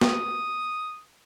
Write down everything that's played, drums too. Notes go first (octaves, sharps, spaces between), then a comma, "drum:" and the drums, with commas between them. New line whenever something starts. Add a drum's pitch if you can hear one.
D#6, drum: snare